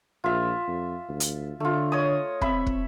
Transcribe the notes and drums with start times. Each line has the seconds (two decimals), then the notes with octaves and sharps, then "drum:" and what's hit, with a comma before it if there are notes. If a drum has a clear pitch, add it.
0.24 A#1 F4 E5
0.68 F2
1.09 D2
1.20 drum: hi-hat
1.60 D3 A3 F4
1.92 C#5 D#5 D#6
2.41 C4 E5 B5, drum: kick
2.66 drum: kick